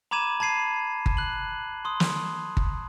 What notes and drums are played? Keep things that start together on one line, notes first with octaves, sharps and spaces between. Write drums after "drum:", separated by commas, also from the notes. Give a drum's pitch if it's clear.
A#5 B5 D6 G#6 D#7 E7
A5 B5 G#6 C7 D#7
drum: kick G1
F#6 F#7
C6 D#6
drum: snare
drum: kick G1